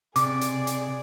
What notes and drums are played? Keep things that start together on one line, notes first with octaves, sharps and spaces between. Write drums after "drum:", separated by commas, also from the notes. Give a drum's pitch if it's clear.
C3 G#4 D5 D6, drum: hi-hat
drum: hi-hat
drum: hi-hat